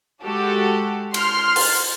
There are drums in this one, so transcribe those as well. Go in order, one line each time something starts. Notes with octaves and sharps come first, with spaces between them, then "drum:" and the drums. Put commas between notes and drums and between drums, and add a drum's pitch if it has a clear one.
G#3 F#4 G4 A4
C6 F6, drum: cymbal
drum: open hi-hat